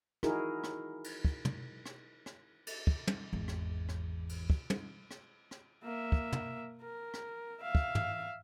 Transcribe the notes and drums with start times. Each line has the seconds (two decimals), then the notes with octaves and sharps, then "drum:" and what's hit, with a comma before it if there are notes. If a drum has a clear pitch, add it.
0.23 D#4 E4 F#4 G#4 A#4, drum: rim click
0.64 drum: rim click
1.04 drum: cymbal
1.25 drum: kick
1.45 drum: tom
1.86 drum: rim click
2.26 drum: rim click
2.67 drum: cymbal
2.87 drum: kick
3.07 drum: tom
3.33 G#1 E2
3.48 drum: rim click
3.89 drum: rim click
4.29 drum: cymbal
4.50 drum: kick
4.70 drum: tom
5.11 drum: rim click
5.51 drum: rim click
5.84 A#3 E5
6.12 drum: kick
6.33 drum: tom
6.82 A#4
7.14 drum: rim click
7.62 E5 F5
7.75 drum: kick
7.95 drum: tom